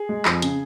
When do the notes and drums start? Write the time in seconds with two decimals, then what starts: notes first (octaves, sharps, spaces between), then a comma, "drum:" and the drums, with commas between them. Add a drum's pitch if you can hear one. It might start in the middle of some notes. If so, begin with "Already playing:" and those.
Already playing: G#4
0.09 G#3
0.25 F2, drum: clap
0.42 C#3, drum: hi-hat